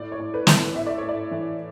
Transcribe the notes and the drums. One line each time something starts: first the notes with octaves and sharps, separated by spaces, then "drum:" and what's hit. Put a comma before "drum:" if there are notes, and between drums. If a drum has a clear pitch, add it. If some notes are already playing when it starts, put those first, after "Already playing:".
Already playing: A2 D5
C#5
A2
B4
A2, drum: snare
A2 E5
D5
A2 C#5
D5
E3